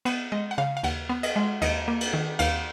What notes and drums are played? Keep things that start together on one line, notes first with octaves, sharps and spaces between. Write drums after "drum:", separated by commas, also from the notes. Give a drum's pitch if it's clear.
B3, drum: cymbal
G#3 D#5
F#5
C#3 F5
F5
D#2 F#5, drum: cymbal
B3
D#5, drum: cymbal
G#3
D#2 D#5, drum: cymbal
A#3
drum: cymbal
D#3
D#2 F5, drum: cymbal